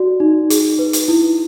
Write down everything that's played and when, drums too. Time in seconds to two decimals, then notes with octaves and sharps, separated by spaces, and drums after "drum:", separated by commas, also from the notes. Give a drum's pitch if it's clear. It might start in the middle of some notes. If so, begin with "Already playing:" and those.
Already playing: F#4 D5
0.20 D#4
0.50 G#4, drum: hi-hat
0.79 B4
0.93 drum: hi-hat
1.08 E4